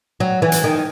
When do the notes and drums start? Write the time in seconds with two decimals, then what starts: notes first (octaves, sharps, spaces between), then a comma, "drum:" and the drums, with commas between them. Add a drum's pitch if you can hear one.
0.20 F#3
0.42 E3
0.52 drum: hi-hat
0.64 D#3